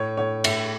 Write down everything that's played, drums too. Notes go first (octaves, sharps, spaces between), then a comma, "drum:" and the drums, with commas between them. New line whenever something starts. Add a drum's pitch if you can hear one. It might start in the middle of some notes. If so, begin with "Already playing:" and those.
Already playing: A2 C#5
A2 C#5
A2 E5, drum: cymbal